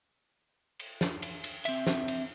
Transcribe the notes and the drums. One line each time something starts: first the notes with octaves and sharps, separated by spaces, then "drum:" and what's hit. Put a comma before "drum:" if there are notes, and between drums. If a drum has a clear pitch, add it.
drum: cymbal
drum: snare
drum: cymbal
drum: cymbal
C4 E5, drum: cymbal
drum: snare
drum: cymbal